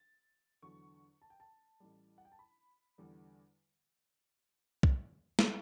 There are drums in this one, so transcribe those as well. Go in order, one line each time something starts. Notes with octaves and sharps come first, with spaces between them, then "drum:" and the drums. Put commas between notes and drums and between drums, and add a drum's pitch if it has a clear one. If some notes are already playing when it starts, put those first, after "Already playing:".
Already playing: A6
E2 D3 F#3 C#6
A5
G5
A5
A1 A2 G3
F#5
G5
A5
B5
E2 D3 G3
drum: kick
drum: snare